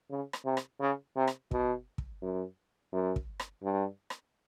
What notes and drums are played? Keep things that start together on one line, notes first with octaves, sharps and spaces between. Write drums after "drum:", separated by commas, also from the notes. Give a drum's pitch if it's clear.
C#3
drum: rim click
C3
drum: rim click
C#3
C3
drum: rim click
B2, drum: kick
drum: kick
F#2
F#2
drum: kick
drum: rim click
G2
drum: rim click